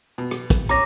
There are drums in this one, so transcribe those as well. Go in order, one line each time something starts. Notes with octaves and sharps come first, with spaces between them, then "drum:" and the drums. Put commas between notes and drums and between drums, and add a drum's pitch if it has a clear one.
B2
drum: rim click
drum: kick, hi-hat
C#4 C#5 A#5 D6 A#6, drum: rim click